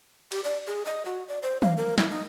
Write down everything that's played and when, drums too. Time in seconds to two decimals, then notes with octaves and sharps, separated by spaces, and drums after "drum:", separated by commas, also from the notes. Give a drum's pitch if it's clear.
0.32 G4, drum: cymbal
0.44 D5
0.67 G#4
0.86 D#5
1.05 F#4
1.28 D5
1.43 C5
1.62 F5, drum: tom
1.77 A#4
1.98 E4, drum: snare
2.10 D#4